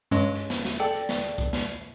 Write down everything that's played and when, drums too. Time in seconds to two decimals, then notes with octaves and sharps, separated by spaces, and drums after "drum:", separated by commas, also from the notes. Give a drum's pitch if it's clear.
0.11 G2 G#3 C#4
0.35 drum: hi-hat
0.50 drum: snare
0.65 drum: snare
0.79 A4 D5 G5
0.94 drum: hi-hat
1.09 drum: snare
1.24 drum: hi-hat
1.38 drum: kick
1.53 drum: snare